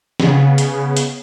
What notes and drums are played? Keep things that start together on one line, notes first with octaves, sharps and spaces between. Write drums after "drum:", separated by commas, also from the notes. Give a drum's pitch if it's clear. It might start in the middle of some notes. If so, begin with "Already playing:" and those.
C#3 B3, drum: snare
drum: hi-hat
drum: hi-hat